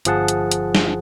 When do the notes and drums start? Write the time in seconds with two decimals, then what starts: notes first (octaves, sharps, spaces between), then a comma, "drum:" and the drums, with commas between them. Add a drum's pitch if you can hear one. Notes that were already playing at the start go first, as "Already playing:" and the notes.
0.05 G1 F3 G#4 F#5 A5, drum: hi-hat
0.28 drum: hi-hat
0.51 drum: hi-hat
0.75 drum: snare